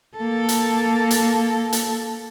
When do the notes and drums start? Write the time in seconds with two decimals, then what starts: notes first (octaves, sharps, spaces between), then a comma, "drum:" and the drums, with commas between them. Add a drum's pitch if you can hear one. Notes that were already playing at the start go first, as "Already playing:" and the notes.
0.18 A#3 A4
0.49 drum: hi-hat
1.11 drum: hi-hat
1.73 drum: hi-hat